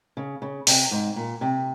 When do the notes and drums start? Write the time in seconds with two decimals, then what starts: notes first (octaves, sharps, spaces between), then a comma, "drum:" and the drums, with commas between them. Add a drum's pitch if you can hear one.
0.17 C#3
0.42 C#3
0.67 C3, drum: open hi-hat
0.91 G#2
1.16 A#2
1.41 C3